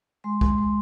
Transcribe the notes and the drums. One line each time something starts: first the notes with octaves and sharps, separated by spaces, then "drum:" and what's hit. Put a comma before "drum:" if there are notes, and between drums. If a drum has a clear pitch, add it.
G#3 C6
G#3, drum: kick
G#3